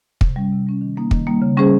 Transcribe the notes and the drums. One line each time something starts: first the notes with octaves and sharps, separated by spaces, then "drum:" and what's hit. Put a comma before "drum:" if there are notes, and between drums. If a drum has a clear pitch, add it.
C3, drum: kick
G3 C#4
C3
G3 C#4
D#3
G3 A#3 D#4
D#3, drum: kick
G3 A#3 D#4
C#3
G3 C#4 G#4 C5